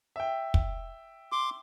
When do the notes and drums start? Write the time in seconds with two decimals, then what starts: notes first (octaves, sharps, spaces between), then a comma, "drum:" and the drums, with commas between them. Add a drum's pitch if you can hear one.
0.16 E5 G5
0.54 drum: kick
1.32 C6 D6